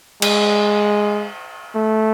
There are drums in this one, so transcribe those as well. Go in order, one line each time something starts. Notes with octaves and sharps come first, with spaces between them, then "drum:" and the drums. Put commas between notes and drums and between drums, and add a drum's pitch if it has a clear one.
G#3, drum: cymbal
A3